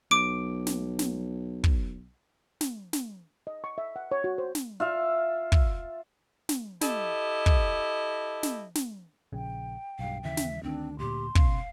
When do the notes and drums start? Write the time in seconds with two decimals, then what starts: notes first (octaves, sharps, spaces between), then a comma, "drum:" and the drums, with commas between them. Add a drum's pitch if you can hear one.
0.11 B1 D6 D7
0.67 drum: snare
0.99 drum: snare
1.64 drum: kick
2.61 drum: snare
2.93 drum: snare
3.47 D#5
3.64 C#6
3.78 E5
3.96 F#5
4.12 C#5
4.24 F#4
4.38 C5
4.55 drum: snare
4.80 F4 E5 F5
5.52 drum: kick
6.49 drum: snare
6.81 E4 G4 A4 D#5, drum: snare
7.46 drum: kick
8.43 drum: snare
8.75 drum: snare
9.33 A#1 C#3 G5
9.99 B1 G2 F5
10.24 D#2 C#3 E3 E5
10.37 drum: snare
10.63 D2 D#3 C4 D4
10.99 D2 A#2 G4 C6
11.35 C#2 B2 C#4 F5, drum: kick